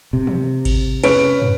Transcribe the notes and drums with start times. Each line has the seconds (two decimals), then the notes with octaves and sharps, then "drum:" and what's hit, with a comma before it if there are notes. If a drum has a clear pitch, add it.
0.13 C3
0.27 drum: tom
0.65 drum: kick G#1, cymbal
1.03 C#4 B4 D7, drum: cymbal
1.42 drum: tom